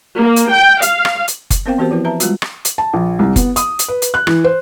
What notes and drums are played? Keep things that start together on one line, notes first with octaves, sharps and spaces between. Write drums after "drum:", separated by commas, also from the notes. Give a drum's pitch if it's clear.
A#3
drum: hi-hat
G5
F5, drum: hi-hat
drum: rim click
drum: hi-hat
drum: kick F#1, hi-hat
B3 C4 A#4 C5 F5 G5
E3 B3 F#4 G4 A#4 C5
F3 E4 B4
B4 E5 A5 A#5
G3 G#3 F4 F#4, drum: hi-hat
drum: rim click
drum: hi-hat
A5
A#1
C2
B3, drum: kick F#1, hi-hat
D#6, drum: hi-hat
drum: hi-hat
B4
drum: hi-hat
F#6
E3, drum: rim click
C5